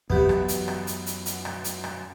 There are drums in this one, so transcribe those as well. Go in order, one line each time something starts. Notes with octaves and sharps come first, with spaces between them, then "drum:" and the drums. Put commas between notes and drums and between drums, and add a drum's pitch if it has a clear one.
F#2 E3 B3 G4, drum: kick
drum: rim click
drum: hi-hat
drum: rim click
drum: hi-hat
drum: hi-hat
drum: hi-hat
drum: rim click
drum: hi-hat
drum: rim click